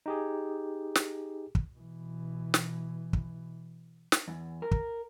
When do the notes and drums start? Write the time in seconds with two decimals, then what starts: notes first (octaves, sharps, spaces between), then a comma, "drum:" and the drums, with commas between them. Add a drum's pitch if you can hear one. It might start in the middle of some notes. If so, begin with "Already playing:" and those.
0.06 D#4 G4 G#4
0.95 drum: snare
1.55 drum: kick
1.75 B2 E3
2.54 drum: snare
3.13 drum: kick
4.12 drum: snare
4.28 E2
4.62 A#4
4.71 drum: kick